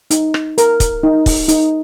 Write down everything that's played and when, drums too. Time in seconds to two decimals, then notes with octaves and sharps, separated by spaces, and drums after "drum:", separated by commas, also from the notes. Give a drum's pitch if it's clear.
0.11 D#4, drum: hi-hat
0.34 drum: rim click
0.58 A#4, drum: hi-hat
0.80 drum: kick, hi-hat
1.03 D#4
1.26 drum: kick, open hi-hat
1.48 D#4, drum: hi-hat